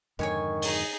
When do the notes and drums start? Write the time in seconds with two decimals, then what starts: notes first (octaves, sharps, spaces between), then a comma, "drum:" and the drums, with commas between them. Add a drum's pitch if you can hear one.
0.19 F2 G#2 D3 D#3 C#5 G#5 C#6
0.62 D#4 G#4, drum: open hi-hat